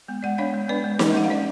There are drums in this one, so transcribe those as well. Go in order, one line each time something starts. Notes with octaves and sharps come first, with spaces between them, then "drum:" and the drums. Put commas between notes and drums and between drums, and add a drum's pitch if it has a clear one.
G#3 B3
G#3 D5 F#5
B3 D4 C#5 F5
G#3
B3 D4 B4 D5
G#3
C#4, drum: snare
G#3 F#5
F5
C#4 D5